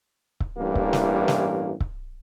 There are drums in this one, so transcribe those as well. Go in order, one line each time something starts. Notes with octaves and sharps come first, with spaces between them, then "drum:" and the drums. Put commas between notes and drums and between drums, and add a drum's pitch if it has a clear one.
drum: kick C#1
A1 G2 E3 A#3
drum: kick C#1
drum: snare
drum: snare
drum: kick C#1